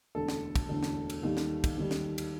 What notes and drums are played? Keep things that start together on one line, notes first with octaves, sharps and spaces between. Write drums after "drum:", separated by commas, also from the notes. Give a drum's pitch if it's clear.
E1 D2 D3 A4
drum: snare
drum: kick, cymbal
E1 D2 D3
drum: snare
drum: cymbal
D#2 D#3 G3
drum: snare
drum: kick, cymbal
D#2 D#3 G3
drum: snare
drum: cymbal